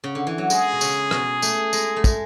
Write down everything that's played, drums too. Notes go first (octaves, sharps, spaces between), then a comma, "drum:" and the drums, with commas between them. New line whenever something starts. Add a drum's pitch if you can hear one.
C#3
D3
E3
F#3
G#3 G#4, drum: tambourine
B2
C#3, drum: tambourine
B2, drum: rim click
A3, drum: tambourine
G#3, drum: tambourine
A3
G#3, drum: kick, tambourine